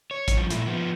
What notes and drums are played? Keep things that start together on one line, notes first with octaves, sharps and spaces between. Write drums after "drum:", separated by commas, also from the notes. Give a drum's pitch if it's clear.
C#5
drum: kick A1, hi-hat
G2 F3
A#2 E4, drum: hi-hat
F3 B3